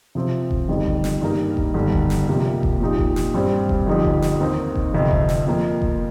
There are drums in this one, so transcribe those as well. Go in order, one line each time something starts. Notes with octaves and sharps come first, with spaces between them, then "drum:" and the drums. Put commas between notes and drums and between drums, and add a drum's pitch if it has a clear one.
C3 F3 C4
drum: kick F1
G1 F2 D#3 G3
drum: kick F1
drum: snare
G2 D#3 A#3 G4 A#4
drum: kick F1
G1 G2 D#3 G3
drum: kick F1
drum: snare
C3 F3 A#3 G4
drum: kick F1
A#2 F3 D#4 G4
drum: kick F1
drum: snare
G2 G3 C4 G4
drum: kick F1
G1 F2 F3 D#4 G4
drum: kick F1
drum: snare
D#2 D#3 C4 D#4 A#4
drum: kick F1
G1 F2 C3
drum: kick F1
drum: snare
F2 F3 A#3
drum: kick F1